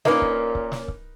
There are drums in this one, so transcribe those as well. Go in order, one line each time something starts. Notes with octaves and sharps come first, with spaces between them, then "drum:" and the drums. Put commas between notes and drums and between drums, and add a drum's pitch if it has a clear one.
A#2 A#3 C#4 D#4 A#4 B4, drum: snare
drum: kick C#1
drum: kick C#1
drum: snare
drum: kick C#1